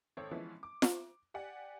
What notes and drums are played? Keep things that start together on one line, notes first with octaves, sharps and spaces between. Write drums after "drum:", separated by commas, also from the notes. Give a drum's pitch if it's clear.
G#1 C4 A4 C#5
E3 F3 G#3 B3 C#4 E4
D6
drum: snare F4
G4 D5 F#5 G#5